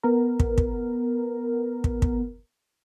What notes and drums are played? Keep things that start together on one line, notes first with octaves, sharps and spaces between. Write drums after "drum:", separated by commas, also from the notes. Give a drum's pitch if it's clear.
B3 A#4
drum: kick
drum: kick
drum: kick
drum: kick